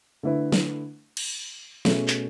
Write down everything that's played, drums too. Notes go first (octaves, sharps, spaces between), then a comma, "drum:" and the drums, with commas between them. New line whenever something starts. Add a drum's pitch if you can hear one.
D3 A3 E4 B4
drum: snare
drum: cymbal
B2 A3 C#4 G#4, drum: snare
drum: clap